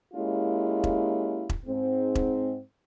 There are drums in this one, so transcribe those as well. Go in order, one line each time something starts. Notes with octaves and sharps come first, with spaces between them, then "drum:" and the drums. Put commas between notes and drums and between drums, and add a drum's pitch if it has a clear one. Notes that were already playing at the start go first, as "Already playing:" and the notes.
G#3 A#3 C#4 E4 F4 G4
drum: kick E1
drum: kick E1
G#2 C4
drum: kick E1